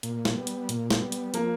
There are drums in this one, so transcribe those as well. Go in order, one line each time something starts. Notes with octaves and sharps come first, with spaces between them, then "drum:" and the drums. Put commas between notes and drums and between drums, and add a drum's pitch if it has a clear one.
A#2, drum: hi-hat
drum: snare
G3 B3
drum: hi-hat
A#2, drum: hi-hat
drum: snare
G3 B3
drum: hi-hat
F3 A#3, drum: hi-hat